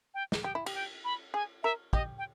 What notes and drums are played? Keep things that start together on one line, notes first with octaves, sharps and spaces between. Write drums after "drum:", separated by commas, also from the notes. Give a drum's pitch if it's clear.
G5
drum: snare
G4 G5
E4
G4, drum: cymbal
G5
B5
G#4 G#5
A#4 E5
G4 D#5, drum: kick
G5